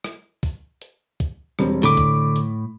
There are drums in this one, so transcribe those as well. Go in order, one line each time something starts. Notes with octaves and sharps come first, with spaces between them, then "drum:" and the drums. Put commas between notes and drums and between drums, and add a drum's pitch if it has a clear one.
drum: rim click
drum: kick, open hi-hat
drum: hi-hat
drum: kick, hi-hat
E1 G3 C4, drum: rim click
A2 D3 B5 D6
drum: kick, hi-hat
drum: hi-hat